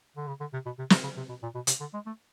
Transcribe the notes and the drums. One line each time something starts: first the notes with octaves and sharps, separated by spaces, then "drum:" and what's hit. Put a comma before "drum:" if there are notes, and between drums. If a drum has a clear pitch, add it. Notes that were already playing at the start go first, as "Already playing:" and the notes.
D3
C#3
D3
C3
B2
C3
C#3, drum: snare
C#3
C3
B2
A#2
B2
C3, drum: hi-hat
D3
G#3
A3